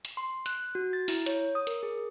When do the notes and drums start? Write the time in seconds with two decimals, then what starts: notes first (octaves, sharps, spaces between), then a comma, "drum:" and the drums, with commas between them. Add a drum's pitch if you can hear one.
0.05 drum: hi-hat
0.17 C6
0.46 F#6, drum: hi-hat
0.75 F#4
0.93 A6
1.08 E4, drum: open hi-hat
1.26 C#5, drum: hi-hat
1.55 D#6
1.67 A#4, drum: hi-hat
1.83 G#4